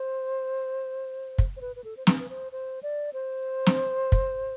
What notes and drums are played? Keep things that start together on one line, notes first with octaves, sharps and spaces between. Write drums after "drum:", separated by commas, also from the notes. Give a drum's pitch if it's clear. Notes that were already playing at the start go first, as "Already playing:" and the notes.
Already playing: C5
drum: kick
C5
B4
B4
A4
C5
B4, drum: snare
B4
C5
C5
D5
C5
drum: snare
drum: kick